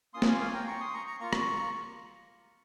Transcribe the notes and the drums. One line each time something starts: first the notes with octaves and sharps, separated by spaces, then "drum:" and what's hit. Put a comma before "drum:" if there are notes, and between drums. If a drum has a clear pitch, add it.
A#3 C#4 F4 C6 D#6
A#5, drum: snare
G#5 C6
F5 G#5
G5 A#5
A#5 C#6
C6 D#6
A#5 C#6
A#5 C#6
A#3 F4 A#5 C#6
drum: rim click